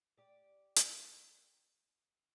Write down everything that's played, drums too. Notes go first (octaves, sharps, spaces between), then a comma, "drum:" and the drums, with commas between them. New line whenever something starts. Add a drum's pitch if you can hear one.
G4 D5
drum: hi-hat